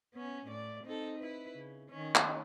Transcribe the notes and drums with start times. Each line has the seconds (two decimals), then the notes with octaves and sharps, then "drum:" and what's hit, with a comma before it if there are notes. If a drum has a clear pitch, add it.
0.13 B3 C#4
0.47 A2 D5
0.84 C4 D#4 A4
1.19 E4 B4
1.54 C#3
1.90 D#3 C#4
2.15 drum: clap